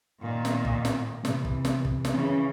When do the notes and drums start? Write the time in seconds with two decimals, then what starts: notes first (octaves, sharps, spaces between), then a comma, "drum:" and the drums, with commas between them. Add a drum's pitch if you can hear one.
0.21 A#2 D#3
0.45 drum: snare
0.65 drum: kick
0.85 drum: snare
1.25 C3 E3, drum: snare
1.45 drum: kick
1.65 drum: snare
1.85 drum: kick
2.05 drum: snare
2.14 C#3 E3 C#4